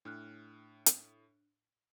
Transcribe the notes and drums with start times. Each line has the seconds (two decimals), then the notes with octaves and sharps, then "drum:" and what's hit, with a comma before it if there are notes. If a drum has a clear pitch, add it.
0.05 A2 D4 F6 F#6
0.86 drum: hi-hat